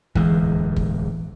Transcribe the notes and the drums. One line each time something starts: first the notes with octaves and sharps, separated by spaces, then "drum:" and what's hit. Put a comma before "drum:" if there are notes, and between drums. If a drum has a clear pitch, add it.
D1 E2 E3 G#3, drum: kick
drum: kick